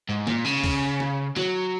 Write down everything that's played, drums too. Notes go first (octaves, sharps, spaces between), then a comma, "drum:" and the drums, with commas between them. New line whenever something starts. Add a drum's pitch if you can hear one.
G#2
A#2, drum: snare
C#3
drum: kick, open hi-hat
drum: snare
F#3, drum: snare